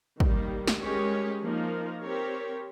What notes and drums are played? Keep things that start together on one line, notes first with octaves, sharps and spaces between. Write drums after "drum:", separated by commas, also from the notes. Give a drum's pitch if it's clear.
D#3 G3 A#3, drum: kick
drum: snare
G#3 C#4 G4 A#4 C#5
F3 A#3 D#4 A#4
C4 G4 A#4 C#5